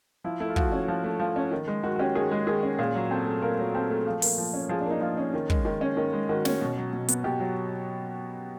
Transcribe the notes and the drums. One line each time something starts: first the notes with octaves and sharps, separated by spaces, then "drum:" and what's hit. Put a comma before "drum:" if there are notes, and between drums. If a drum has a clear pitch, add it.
F3 E4
A3 E4
F4
F3 F#4, drum: kick
C#4
F3
A3
F3
C#4
D#3
G#3
D#3 F#4
F#4
C#4 G4
D#3 G#4
G#3
D#3 G#4
C#4
A#2 G#4
F#3
C4 A4
A3
A#2 A#4
F#3
C4 A4
A3
F3
A#3, drum: open hi-hat
F3
C#4
F3 G#4
D4
A#3 D#4
F3 F4
C#4
D#3
G#3, drum: kick
D#3
C#4
D#3
G#3
D#3 F#4
C#4, drum: snare
B2
F#3
B2
B3, drum: hi-hat
B2 G4
F#3